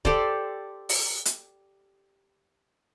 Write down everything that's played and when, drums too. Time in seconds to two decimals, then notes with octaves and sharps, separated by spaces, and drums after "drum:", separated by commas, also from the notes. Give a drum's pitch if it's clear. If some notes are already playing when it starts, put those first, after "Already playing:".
0.05 G4 A4 C5 D5, drum: kick D#1
0.89 drum: open hi-hat
1.25 drum: hi-hat